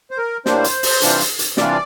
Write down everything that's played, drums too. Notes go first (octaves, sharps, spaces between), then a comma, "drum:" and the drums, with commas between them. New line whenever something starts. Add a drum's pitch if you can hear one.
C5
A#4
A2 G3 A#3 D4 C5, drum: snare
drum: hi-hat
drum: open hi-hat
C3 E3 G3 D4 F4, drum: hi-hat
drum: hi-hat
drum: hi-hat
C3 E3 G3 D4 F4 D5, drum: snare